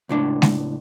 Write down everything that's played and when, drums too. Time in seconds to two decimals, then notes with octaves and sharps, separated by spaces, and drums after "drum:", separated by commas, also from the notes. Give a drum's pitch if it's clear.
0.09 C#2 A2 D4
0.42 drum: snare G#3